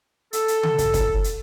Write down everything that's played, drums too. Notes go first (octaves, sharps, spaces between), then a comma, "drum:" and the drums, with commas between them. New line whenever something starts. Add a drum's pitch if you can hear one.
A4, drum: hi-hat
drum: hi-hat
drum: tom C#3
drum: kick, hi-hat
drum: kick, hi-hat
drum: hi-hat